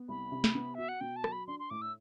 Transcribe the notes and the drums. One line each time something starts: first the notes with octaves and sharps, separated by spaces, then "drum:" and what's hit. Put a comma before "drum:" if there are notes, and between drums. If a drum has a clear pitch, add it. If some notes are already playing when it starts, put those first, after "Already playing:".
Already playing: B3
C2 B5
C3
drum: snare
B3
F#4 E5
F#5
B2 G5
A5
F#3, drum: rim click
B5
D4 C6
C6
A2 D6
E6